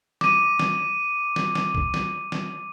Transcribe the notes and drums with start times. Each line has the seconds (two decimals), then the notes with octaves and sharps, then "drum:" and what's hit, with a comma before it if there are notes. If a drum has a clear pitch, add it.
0.21 D6 D#7, drum: snare
0.60 drum: snare
1.36 drum: snare
1.55 drum: snare
1.75 drum: kick C2
1.94 drum: snare
2.32 drum: snare